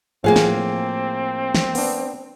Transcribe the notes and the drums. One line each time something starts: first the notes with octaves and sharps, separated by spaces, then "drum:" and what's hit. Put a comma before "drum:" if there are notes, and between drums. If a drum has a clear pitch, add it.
A2 F3 A#3 C4 G#4 F5 F#5
drum: snare
drum: snare
B3 D4, drum: open hi-hat